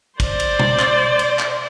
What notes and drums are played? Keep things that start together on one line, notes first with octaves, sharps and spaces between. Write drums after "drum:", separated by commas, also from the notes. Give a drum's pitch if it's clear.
C5 D5, drum: kick, cymbal
drum: cymbal
drum: tom B2
drum: clap
drum: cymbal
drum: clap